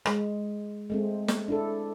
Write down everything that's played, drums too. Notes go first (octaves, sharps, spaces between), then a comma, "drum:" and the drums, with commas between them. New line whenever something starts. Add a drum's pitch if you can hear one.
G#3, drum: rim click
G#3 A3 C4
drum: snare
D4 E4 A4